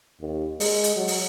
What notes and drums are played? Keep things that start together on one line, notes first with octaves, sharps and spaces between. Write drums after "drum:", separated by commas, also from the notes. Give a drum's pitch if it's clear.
D#2
G#3, drum: open hi-hat
drum: hi-hat
F#3
drum: open hi-hat